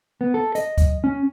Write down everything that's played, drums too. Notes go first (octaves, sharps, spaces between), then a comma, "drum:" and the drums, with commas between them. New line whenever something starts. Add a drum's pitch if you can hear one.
B3
A4
D#5, drum: hi-hat
drum: kick D2, hi-hat
C#4